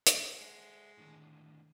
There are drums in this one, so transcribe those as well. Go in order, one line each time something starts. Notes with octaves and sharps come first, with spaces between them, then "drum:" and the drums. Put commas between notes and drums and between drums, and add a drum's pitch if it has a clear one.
drum: hi-hat
C5 E5 F#5
G#3
A2 D3 D#3